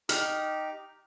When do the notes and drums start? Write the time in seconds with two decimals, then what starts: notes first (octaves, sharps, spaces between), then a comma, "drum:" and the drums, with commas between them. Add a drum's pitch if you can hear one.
0.09 D#4 G4 F6, drum: hi-hat